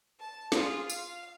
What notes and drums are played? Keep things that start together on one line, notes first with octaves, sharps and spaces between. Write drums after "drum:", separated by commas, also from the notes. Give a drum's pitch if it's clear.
A5
F4 G#4, drum: snare
F5, drum: tambourine